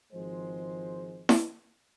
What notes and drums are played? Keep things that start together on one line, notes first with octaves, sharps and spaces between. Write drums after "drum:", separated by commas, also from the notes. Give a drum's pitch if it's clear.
G#1 F3 G#3 C5
drum: snare E4